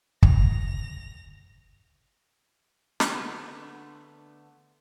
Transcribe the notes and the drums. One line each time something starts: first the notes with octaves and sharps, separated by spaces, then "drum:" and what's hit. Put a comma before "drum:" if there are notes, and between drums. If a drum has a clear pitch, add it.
A#6 F7, drum: kick
D3 A3 B3, drum: snare